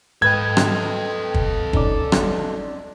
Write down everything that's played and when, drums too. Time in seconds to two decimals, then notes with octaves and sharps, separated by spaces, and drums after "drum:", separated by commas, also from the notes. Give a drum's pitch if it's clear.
0.22 G#2 A4 B4 D#5 G5 G#6
0.57 drum: rim click
1.34 drum: kick
1.73 C#4 D#4 D5, drum: kick
2.12 drum: rim click